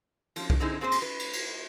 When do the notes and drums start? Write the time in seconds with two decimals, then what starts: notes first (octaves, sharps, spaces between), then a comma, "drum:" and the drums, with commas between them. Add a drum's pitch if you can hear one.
0.36 F3, drum: cymbal
0.50 drum: kick C2
0.60 D3 C4 D#4 E4 G#4
0.81 A#2 C4 G#4 B4 C5
0.91 drum: cymbal
1.02 B4
1.19 drum: cymbal
1.33 drum: cymbal